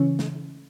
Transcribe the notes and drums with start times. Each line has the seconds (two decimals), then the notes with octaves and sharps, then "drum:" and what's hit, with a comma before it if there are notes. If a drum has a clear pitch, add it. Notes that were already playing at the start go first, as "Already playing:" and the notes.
Already playing: C#3 E3 C#4
0.19 drum: snare